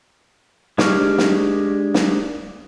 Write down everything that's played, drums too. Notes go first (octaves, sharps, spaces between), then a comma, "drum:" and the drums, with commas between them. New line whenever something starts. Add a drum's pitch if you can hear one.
G#3 D4 G4 C#6 F6, drum: snare
drum: snare
drum: snare